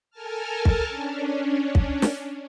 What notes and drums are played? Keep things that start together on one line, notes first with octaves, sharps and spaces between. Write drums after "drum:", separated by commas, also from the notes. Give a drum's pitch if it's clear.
A4 A#4 G#5 A5 F6
drum: kick
C#4 D4
drum: kick
drum: snare